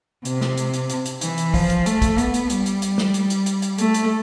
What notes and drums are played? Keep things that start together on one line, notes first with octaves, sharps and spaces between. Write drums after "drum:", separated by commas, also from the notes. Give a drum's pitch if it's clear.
C3, drum: hi-hat
drum: snare
drum: hi-hat
drum: hi-hat
drum: hi-hat
drum: hi-hat
E3, drum: hi-hat
drum: hi-hat
F3, drum: kick, open hi-hat
drum: hi-hat
A3, drum: hi-hat
drum: kick, hi-hat
B3, drum: hi-hat
drum: hi-hat
G3, drum: hi-hat
drum: hi-hat
drum: hi-hat
drum: snare
drum: hi-hat
drum: hi-hat
drum: hi-hat
drum: hi-hat
A3, drum: hi-hat
drum: hi-hat